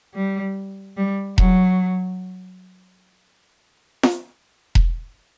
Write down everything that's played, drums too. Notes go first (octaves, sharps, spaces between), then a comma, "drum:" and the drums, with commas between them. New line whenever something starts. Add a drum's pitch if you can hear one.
G3
G3
F#3, drum: kick E1
drum: snare
drum: kick E1